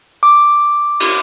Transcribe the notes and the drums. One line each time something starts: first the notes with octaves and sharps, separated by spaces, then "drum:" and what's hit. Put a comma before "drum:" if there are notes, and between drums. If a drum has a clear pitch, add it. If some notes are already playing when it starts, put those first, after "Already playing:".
D6
drum: cymbal